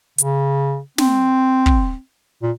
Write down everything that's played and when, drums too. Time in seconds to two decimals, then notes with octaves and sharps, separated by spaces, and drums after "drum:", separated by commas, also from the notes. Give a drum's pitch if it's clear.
0.18 C#3, drum: hi-hat
0.98 C4, drum: snare
1.66 drum: kick
2.42 A#2